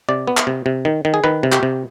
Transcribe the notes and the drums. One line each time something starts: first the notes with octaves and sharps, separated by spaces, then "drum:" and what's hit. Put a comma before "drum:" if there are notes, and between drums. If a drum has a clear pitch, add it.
C3 D5
B3
drum: clap
C3
C3
D#3
D#3
G#4
D#3 B4
C3
G4, drum: clap
C3